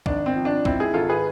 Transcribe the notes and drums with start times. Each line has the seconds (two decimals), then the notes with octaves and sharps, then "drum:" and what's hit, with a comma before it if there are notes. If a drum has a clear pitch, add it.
0.06 G#1 D4, drum: kick
0.26 C4
0.36 F3
0.45 D4
0.65 G#2 C4 E4, drum: kick
0.80 E4 G#4
0.94 G#1 F4 A4
1.09 G#4 B4